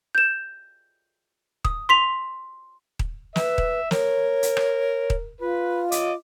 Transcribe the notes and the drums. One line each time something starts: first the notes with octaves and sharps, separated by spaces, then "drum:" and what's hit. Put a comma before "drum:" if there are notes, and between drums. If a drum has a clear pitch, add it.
G6 E7
D#6, drum: kick D#1
C6 B6 F7
drum: kick D#1
B4 E5, drum: snare
drum: kick D#1
A#4 C#5, drum: snare
drum: hi-hat
drum: rim click
drum: kick D#1
F4 B4
D#5 D6, drum: hi-hat